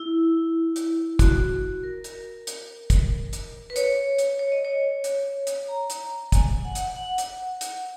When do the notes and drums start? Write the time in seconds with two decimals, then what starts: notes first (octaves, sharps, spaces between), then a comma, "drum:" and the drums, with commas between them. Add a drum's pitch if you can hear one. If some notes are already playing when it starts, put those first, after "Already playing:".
Already playing: E4
0.76 drum: hi-hat
1.19 F#4, drum: kick, hi-hat
1.84 A#4
2.04 drum: hi-hat
2.47 drum: hi-hat
2.90 drum: kick, hi-hat
3.33 drum: hi-hat
3.70 B4
3.76 C#5, drum: hi-hat
4.18 drum: hi-hat
4.39 C#5
4.52 D#5
4.65 C#5
5.04 drum: hi-hat
5.47 drum: hi-hat
5.68 A#5
5.90 drum: hi-hat
6.32 G#5, drum: kick, hi-hat
6.64 F#5
6.75 drum: hi-hat
6.96 F#5
7.18 drum: hi-hat
7.61 drum: hi-hat